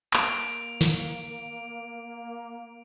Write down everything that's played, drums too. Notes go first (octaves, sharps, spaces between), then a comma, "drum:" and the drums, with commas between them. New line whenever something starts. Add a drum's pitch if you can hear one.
A#3 D7 F7, drum: clap
drum: snare